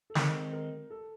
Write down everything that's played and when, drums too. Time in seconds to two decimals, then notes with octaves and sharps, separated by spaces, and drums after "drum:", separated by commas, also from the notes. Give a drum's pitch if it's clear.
0.10 A4
0.15 D#3 G#3 C4 D#4 A#4, drum: snare
0.53 A#4
0.90 A4